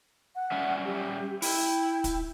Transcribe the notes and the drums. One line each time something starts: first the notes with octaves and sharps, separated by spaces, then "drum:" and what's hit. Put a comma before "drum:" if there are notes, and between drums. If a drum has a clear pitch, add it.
F#5
G3 C#4 E5
G4
E4 G5, drum: open hi-hat
drum: kick, hi-hat